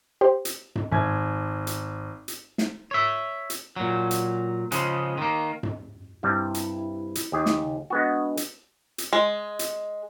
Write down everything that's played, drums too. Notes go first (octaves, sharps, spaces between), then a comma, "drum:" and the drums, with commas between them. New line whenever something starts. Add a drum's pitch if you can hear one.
G4 C5
drum: hi-hat
drum: tom F#2
G#1 G#6
drum: hi-hat
drum: hi-hat
drum: snare
C#5 E5
drum: hi-hat
A#2 F#3
drum: hi-hat
C#3 F3 G#3, drum: hi-hat
D#3 A#3
drum: tom F#2
G2 C3 G3 E4
drum: hi-hat
drum: hi-hat
D#2 G4 G#4
drum: snare
C#3
G#3 B3 D4 F#4
drum: hi-hat
drum: hi-hat
G#3
drum: hi-hat